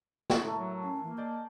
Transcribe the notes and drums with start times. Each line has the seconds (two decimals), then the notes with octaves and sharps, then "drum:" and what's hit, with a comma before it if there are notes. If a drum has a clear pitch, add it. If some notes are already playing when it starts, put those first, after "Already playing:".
0.30 C#3 F#4 C#5 F#5 A6, drum: snare
0.43 A2 E4 A4 A#4 E5
0.57 F#3
0.83 C#4 F5
1.03 E3 A#3
1.18 G#4 D5 D#5 A5 G6